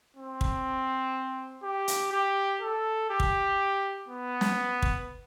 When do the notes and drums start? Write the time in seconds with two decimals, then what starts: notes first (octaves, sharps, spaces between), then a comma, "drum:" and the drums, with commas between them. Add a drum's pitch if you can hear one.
0.17 C4
0.41 drum: kick
1.63 G4
1.88 drum: hi-hat
2.12 G4
2.61 A4
3.10 G4
3.20 drum: kick
4.08 B3
4.41 drum: snare
4.82 drum: kick